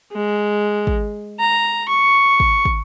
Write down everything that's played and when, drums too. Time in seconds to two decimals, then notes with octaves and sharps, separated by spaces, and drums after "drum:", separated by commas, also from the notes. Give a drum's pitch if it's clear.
0.12 G#3
0.87 drum: kick
1.40 A#5
1.89 C#6
2.40 drum: kick
2.65 drum: kick